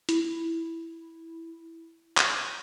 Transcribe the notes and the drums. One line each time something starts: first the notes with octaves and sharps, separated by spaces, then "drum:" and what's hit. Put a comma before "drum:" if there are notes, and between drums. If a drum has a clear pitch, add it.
E4, drum: hi-hat
drum: clap